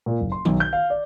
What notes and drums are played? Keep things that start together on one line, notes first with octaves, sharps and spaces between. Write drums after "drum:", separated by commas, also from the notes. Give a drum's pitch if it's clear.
A#2
F#1
C6
B1, drum: tom D#3
G6
F5
D5